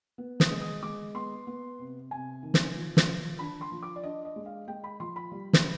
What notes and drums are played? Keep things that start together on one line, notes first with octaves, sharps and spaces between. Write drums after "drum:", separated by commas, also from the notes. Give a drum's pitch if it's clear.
B3
D#6, drum: snare
G#3
D#6
G#3 D6
B3 C6
B3
C3
C3 G#5
D#3
drum: snare
F3
drum: snare
F3
D4 B5
C6
F3
D6
D5
D4 D#5
D#5
G#3
F5
G#3 G5
B5
F3 C6
B5
G3
drum: snare